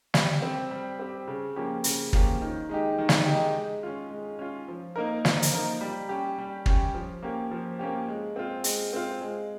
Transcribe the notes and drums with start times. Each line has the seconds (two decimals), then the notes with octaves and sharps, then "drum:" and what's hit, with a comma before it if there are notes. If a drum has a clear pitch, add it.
0.14 G3, drum: snare
0.42 C4 G4
0.71 G3
0.99 C4 G4
1.28 C#3
1.56 F3 A#3 C#4 G4
1.84 C#3, drum: hi-hat
2.13 F3 A#3 C#4 G4, drum: kick
2.42 D#3
2.69 G#3 D#4 G4
2.98 D#3
3.09 drum: snare
3.26 G#3 D#4 G4
3.54 G#3
3.83 C#4 F4
4.11 G#3
4.39 C#4 F4
4.68 F3
4.96 A#3 D#4 A#4
5.25 F3, drum: snare
5.42 drum: hi-hat
5.53 A#3 D#4 A#4
5.81 G3
6.09 C#4 G4
6.38 G3
6.66 C#4 G4, drum: kick
6.94 F3
7.23 A#3 C#4 G4
7.51 F3
7.79 A#3 C#4 G4
8.08 G#3
8.36 C4 F4
8.64 G#3, drum: hi-hat
8.93 C4 F4
9.21 G#3